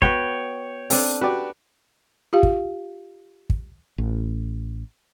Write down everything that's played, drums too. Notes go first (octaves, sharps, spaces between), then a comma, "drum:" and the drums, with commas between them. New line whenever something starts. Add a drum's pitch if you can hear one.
B3 F#4 B4 C#5 G5, drum: kick
C4 D4 A4, drum: open hi-hat
F#4 G4 B4 D5
F4 G4 F5
drum: kick
drum: kick
A1